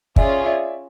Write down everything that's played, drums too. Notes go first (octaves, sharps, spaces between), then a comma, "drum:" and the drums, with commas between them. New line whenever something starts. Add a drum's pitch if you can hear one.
C#4 F4 G#4 D5 E5, drum: kick
D5 E5